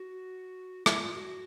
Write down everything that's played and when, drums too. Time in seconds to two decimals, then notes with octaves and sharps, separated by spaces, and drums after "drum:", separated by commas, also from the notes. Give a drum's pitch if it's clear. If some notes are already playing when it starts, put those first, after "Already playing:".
Already playing: F#4
0.86 E4, drum: rim click
1.00 F4
1.14 F#4